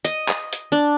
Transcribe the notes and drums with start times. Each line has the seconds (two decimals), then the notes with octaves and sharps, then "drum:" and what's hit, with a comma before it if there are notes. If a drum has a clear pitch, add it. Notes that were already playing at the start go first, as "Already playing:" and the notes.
0.05 D#5, drum: hi-hat
0.29 drum: clap
0.53 drum: hi-hat
0.72 D4